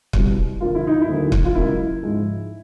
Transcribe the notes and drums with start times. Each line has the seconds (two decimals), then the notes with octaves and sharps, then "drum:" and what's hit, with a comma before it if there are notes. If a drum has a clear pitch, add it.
0.13 C2 B2 G3, drum: kick
0.61 F2 D3 F3 A#3 F4
0.75 E4
0.87 D#4
1.01 E4
1.09 D2 D3 F#3 A#3
1.32 drum: kick
1.45 F4
1.55 C#2 C#3 F#3 A#3 E4
2.03 G#2 F3 G#3